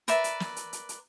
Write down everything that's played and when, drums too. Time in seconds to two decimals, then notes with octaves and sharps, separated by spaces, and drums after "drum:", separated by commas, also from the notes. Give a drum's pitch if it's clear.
0.08 A#4 B4 D5 E5, drum: hi-hat
0.24 drum: hi-hat
0.40 drum: snare
0.56 drum: hi-hat
0.73 drum: hi-hat
0.89 drum: hi-hat